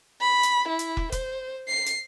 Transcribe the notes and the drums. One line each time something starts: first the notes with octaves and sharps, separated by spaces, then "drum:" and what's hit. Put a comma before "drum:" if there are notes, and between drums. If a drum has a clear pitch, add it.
B5
drum: hi-hat
E4
drum: hi-hat
drum: kick
C5, drum: kick, hi-hat
C7
drum: hi-hat